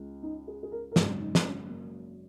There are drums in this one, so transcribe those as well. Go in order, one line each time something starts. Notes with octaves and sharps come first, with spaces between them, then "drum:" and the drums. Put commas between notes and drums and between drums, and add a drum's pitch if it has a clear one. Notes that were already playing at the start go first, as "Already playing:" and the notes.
Already playing: C#2
D#4
G#4
G#4
A#4
A#4
G#1 F#2 C#3 G#4, drum: snare
D#4
drum: snare
C#4
G#3
A#3